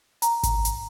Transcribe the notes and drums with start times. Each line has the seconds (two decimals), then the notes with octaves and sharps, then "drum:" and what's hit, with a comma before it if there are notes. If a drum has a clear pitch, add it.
0.22 A#5, drum: hi-hat
0.43 drum: kick G#1, hi-hat
0.65 drum: hi-hat